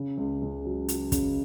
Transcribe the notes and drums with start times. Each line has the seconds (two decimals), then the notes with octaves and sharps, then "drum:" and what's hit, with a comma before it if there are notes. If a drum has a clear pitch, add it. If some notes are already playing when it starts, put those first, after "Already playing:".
Already playing: C#3
0.17 C#2
0.42 C#2
0.65 F#3
0.88 F#3, drum: hi-hat
1.12 C#3, drum: kick, hi-hat